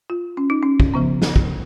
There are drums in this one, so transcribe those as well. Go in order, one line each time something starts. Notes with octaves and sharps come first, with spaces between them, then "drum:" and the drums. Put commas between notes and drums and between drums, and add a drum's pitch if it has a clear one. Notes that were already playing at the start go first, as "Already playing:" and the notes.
F4
C#4
D#4
C#4
drum: kick
C#3 F3 B3
drum: snare
drum: kick